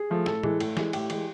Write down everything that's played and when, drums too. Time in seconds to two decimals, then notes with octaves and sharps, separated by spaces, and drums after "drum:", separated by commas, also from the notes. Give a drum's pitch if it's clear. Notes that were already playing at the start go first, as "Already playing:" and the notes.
Already playing: G#4
0.10 F3 A3
0.26 A2 A4, drum: snare
0.43 E3 G#3, drum: tom A2
0.60 A2, drum: cymbal
0.77 E3 G#3, drum: snare
0.93 A2 G4, drum: cymbal
1.10 E3 G#3, drum: cymbal